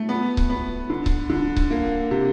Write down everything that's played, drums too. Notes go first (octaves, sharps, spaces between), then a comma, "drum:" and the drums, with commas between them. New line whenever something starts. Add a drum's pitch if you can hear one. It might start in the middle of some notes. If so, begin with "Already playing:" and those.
Already playing: A3
B3
drum: kick C#1
B3
D3
drum: kick C#1
D3
drum: kick C#1
A#3
C3